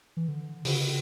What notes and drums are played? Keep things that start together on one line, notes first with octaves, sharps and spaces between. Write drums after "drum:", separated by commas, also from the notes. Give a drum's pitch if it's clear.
E3
D3
C#3, drum: open hi-hat